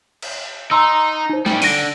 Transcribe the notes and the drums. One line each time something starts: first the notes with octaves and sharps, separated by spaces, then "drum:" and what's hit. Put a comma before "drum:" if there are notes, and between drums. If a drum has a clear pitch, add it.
drum: cymbal
D#4 A#5 C6 E6
D#4 C5
G3 C#4, drum: snare
D3 A#6 D7 D#7, drum: open hi-hat